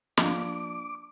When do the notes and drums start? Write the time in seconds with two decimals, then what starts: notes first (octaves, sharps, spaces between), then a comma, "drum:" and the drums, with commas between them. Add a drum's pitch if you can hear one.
0.17 F3 A#3 D4 D6, drum: snare